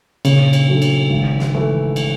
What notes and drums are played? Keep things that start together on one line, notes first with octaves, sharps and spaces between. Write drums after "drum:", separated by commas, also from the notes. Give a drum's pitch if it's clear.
A#2 C#3, drum: cymbal
drum: cymbal
F#3 A3 D4
drum: cymbal
G#1
drum: snare
E3 A3
drum: cymbal